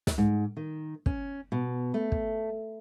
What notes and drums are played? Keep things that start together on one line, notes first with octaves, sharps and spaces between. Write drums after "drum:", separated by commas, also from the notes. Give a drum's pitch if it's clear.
drum: snare
G#2
D#3
C#4, drum: kick
B2
A3
drum: kick